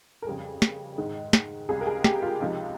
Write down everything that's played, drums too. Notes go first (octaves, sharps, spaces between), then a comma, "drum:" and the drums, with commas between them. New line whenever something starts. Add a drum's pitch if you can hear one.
A#4
F2 C#3 G3 G#4
drum: snare
G#2 D#3 G#3
drum: snare
C#2 C3 G3 G#4
A#4
G#4
G4, drum: snare
F4
C#2 C3 F3 G#3 D#4